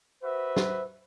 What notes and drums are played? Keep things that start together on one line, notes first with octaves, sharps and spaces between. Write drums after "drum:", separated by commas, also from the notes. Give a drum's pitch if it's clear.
F#4 B4 C5 E5
drum: snare